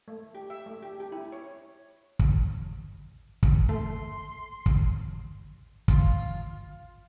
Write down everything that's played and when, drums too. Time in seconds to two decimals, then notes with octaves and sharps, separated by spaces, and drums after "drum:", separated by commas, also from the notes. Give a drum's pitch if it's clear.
0.08 A3
0.35 G4
0.50 E5
0.66 A3
0.83 G4
1.00 G4
1.12 E4
1.32 C#5
2.19 drum: kick
3.43 drum: kick
3.69 A3 C6
4.66 drum: kick
5.88 F4, drum: kick